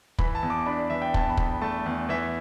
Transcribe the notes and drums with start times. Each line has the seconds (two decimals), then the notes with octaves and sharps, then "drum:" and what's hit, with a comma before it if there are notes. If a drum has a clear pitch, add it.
0.19 E3 B5, drum: kick
0.35 A5
0.43 E2
0.50 D6
0.66 D4 B5
0.78 D5
0.90 E3 E5
1.02 G5
1.14 E2 A5, drum: kick
1.30 B5
1.37 E2, drum: kick
1.46 B5
1.61 A3 A5
1.86 E2
2.09 E3 E5